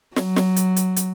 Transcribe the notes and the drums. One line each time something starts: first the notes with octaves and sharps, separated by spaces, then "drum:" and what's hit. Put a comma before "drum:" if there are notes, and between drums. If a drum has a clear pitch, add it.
F#3, drum: snare
drum: snare
drum: hi-hat
drum: hi-hat
drum: hi-hat